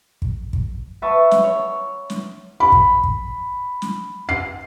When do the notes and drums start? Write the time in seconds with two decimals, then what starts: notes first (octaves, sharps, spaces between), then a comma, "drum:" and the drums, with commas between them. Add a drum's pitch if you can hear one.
0.22 drum: kick
0.53 drum: kick
1.02 B4 E5 F#5 A5 C#6
1.31 drum: snare
1.44 C#5
2.10 drum: snare
2.60 B5
2.72 drum: kick
3.04 drum: kick
3.82 drum: snare
4.29 C7